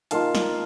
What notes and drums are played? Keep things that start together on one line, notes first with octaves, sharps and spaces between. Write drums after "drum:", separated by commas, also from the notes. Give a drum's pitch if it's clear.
D#3 A#3 F4 F5 A5, drum: hi-hat
drum: snare